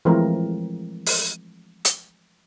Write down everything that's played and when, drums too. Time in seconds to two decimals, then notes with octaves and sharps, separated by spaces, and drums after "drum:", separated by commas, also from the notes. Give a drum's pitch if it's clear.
0.05 E3 F3 G#3 A3 C4 A#4
1.06 drum: open hi-hat
1.85 drum: hi-hat